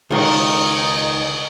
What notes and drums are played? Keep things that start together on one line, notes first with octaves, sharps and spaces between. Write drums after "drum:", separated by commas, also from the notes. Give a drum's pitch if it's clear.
C#2 D#3 D#4, drum: cymbal